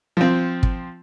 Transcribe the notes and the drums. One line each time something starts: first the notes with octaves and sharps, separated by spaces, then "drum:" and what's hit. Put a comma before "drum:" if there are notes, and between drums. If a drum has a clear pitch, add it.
F3 C4
drum: kick